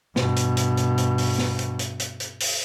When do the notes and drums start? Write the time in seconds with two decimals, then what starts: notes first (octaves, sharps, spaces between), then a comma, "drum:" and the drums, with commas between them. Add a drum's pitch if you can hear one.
0.16 G2 B2, drum: snare
0.36 drum: hi-hat
0.57 drum: hi-hat
0.77 drum: hi-hat
0.98 drum: hi-hat
1.18 drum: open hi-hat
1.38 drum: snare
1.59 drum: hi-hat
1.79 drum: hi-hat
2.00 drum: hi-hat
2.20 drum: hi-hat
2.40 drum: open hi-hat